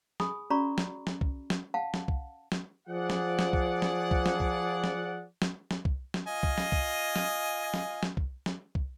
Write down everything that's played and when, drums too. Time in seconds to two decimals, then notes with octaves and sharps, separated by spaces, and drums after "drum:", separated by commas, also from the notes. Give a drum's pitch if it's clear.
0.20 G#4 G#5 B5 D#6, drum: snare
0.50 C#4 F#4 D5 A#5 B5 C#6
0.78 drum: snare
1.07 drum: snare
1.21 drum: kick
1.50 drum: snare
1.74 F5 F#5 A5
1.94 drum: snare
2.08 drum: kick
2.52 drum: snare
2.88 F3 G#4 D5 F#5
3.10 drum: snare
3.39 drum: snare
3.53 drum: kick
3.82 drum: snare
4.11 drum: kick
4.26 drum: snare
4.40 drum: kick
4.84 drum: snare
5.42 drum: snare
5.71 drum: snare
5.85 drum: kick
6.14 drum: snare
6.27 F4 D#5 G#5
6.43 drum: kick
6.58 drum: snare
6.72 drum: kick
7.16 drum: snare
7.74 drum: snare
8.03 drum: snare
8.17 drum: kick
8.46 drum: snare
8.75 drum: kick